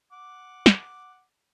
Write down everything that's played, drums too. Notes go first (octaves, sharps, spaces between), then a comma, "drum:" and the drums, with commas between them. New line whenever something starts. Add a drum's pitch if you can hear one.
F#5 D6
drum: snare